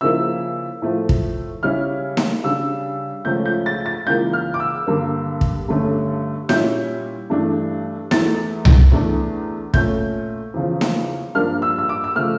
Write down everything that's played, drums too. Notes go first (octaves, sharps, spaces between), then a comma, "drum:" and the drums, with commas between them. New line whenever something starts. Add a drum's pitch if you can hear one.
C#3 F3 A#3 E4 E6
A2 F3 A3
drum: kick
C#3 G3 C#4 E4 F6
drum: snare D#4
C#3 G3 D4 E6
C#2 C#3 F3 A3 C#4 G6
G6
A6
A6
C#2 C#3 E3 A#3 G6
F6
D6
E6
G2 D3 G3 A#3
drum: kick
G2 D3 A3 C#4
A#2 G3 C#4 E4 G6, drum: snare D#4
G2 E3 A3 D4
E2 E3 A3 E4 A6, drum: snare D#4
drum: tom C2
E2 E3 A3 D4
A#2 A3 C#4 G6, drum: kick
E2 C#3 F3
drum: snare D#4
G2 F3 A#3 D4 F6
E6
E6
D6
E6
C#3 F3 A3 F6